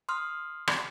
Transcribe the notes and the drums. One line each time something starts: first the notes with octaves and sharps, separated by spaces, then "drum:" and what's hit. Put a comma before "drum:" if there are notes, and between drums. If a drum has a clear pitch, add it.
C6 D#6 F6
drum: rim click